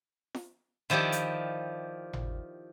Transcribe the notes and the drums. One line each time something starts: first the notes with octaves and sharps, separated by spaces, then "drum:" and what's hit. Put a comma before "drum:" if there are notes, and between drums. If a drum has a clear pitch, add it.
drum: snare
D#3 F3 E4 G4 D5
drum: hi-hat
drum: tom G#1